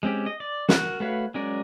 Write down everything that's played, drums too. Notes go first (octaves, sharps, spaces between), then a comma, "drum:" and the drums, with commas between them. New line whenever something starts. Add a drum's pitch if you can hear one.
G#3 C4 C#4 G4
D#5
D5
F#4 A#4 F#6, drum: snare
A3 F#4 B4 C#5 F5
F#3 G#3 C#4 A#4 D5